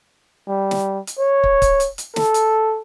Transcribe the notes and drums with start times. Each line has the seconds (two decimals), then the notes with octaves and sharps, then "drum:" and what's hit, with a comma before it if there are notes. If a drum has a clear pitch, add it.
0.48 G3
0.71 drum: snare
1.07 drum: hi-hat
1.19 C#5
1.44 drum: kick
1.62 drum: kick, hi-hat
1.80 drum: hi-hat
1.98 drum: hi-hat
2.16 A4, drum: snare
2.34 drum: hi-hat